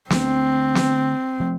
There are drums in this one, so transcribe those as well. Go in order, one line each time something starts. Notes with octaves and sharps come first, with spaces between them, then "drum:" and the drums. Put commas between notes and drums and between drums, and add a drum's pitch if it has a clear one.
D3 A3 C4 D4, drum: snare
drum: snare
F3 A3